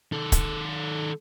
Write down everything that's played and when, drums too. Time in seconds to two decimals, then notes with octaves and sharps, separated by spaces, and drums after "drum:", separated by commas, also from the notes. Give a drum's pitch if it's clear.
0.12 D#3 A4
0.32 drum: kick, hi-hat